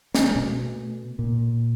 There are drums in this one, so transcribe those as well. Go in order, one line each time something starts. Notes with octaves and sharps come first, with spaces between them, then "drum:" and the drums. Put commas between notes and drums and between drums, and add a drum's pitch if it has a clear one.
A#3, drum: snare
G#3
B2 A3
A#2